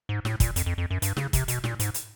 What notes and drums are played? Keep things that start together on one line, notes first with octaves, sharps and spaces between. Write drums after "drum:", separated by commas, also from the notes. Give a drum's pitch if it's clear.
G#2
A2, drum: snare
A#2, drum: kick, hi-hat
F2, drum: hi-hat
F2
F2
F#2
G2, drum: hi-hat
C#3, drum: snare
C3, drum: kick, hi-hat
B2, drum: hi-hat
A#2, drum: snare
G#2, drum: hi-hat
drum: hi-hat